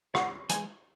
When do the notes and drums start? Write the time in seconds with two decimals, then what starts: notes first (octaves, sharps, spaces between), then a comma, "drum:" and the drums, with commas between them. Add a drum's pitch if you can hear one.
0.15 G#2 F#5, drum: rim click
0.49 E3 G#3 G#5, drum: hi-hat